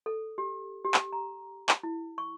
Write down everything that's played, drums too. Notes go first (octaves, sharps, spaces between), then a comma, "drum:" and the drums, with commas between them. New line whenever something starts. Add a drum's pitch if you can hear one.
A4
G4
G4
drum: clap
A#5
drum: clap
E4
C#6